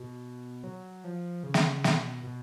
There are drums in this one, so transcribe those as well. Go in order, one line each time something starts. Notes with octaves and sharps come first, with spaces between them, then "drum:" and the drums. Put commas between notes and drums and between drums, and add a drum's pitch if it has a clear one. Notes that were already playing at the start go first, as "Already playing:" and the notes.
Already playing: B2
F#3
F3
C#3
drum: snare
B2, drum: snare
B2